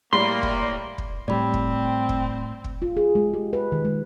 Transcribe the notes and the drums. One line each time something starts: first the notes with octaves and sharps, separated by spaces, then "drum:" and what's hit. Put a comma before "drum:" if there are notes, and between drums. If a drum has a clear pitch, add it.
A2 G3 A#3 D5 B5 C6
drum: kick
drum: kick
A2 G3 C4 D5 B5
drum: kick
drum: kick
drum: kick
F4
G#4
G#3
G4
B4
D#3
G#3